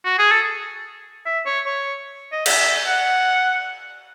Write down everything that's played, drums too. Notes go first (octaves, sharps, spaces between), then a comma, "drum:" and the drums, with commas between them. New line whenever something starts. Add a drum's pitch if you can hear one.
F#4
G#4
A4
E5
C#5
C#5
D#5
E5, drum: cymbal
F#5